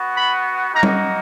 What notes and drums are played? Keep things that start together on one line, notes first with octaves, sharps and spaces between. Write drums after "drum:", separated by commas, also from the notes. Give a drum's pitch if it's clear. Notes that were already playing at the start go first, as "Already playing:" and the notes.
Already playing: B3 F#4
B5
A#3 D#4 F#4 A#5
drum: tom G3